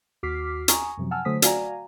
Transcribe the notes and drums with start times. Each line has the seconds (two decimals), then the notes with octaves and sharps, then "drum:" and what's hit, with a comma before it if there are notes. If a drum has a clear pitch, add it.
0.23 D#2 F#4 D6 F6 B6 C7
0.68 G#5 A#5 C#6 D#6, drum: hi-hat
0.97 F#2 C3 F3 F#3
1.11 F#5 G#5 A5 E6 F6
1.25 D3 F#3 A3 C5 D#6 B6
1.42 F#4 D5 F5 G#5 A#5, drum: hi-hat